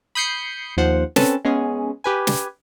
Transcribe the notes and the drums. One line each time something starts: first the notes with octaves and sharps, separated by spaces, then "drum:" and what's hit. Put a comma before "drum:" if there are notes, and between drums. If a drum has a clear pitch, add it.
B5 D#6 G6 C7 C#7
D#2 F3 C5 F#5
C4 C#4 A4 B4 A5, drum: snare
G#3 B3 C#4 G#4
G4 B4 G#5
drum: snare